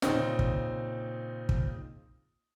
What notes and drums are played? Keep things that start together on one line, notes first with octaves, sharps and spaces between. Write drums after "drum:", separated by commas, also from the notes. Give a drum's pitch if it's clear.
A#2 C#3 C4 D#4, drum: snare
drum: kick
drum: kick